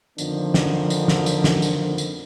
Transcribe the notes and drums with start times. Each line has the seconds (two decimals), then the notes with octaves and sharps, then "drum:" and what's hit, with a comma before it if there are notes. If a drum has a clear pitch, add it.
0.18 F2 D3 D#3 F3 B3 D4, drum: tambourine
0.54 drum: snare
0.90 drum: tambourine
1.08 drum: snare
1.26 drum: tambourine
1.44 drum: snare
1.62 drum: tambourine
1.98 drum: tambourine